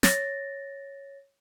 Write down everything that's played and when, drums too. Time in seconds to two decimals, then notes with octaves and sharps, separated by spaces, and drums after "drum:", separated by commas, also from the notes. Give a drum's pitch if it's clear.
0.03 C#5 A6 A#6, drum: snare